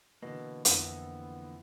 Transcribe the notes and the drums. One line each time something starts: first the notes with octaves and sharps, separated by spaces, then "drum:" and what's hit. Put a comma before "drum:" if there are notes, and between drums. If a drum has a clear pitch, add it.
B2 D3 E3 A#3
F2 B3 E4, drum: hi-hat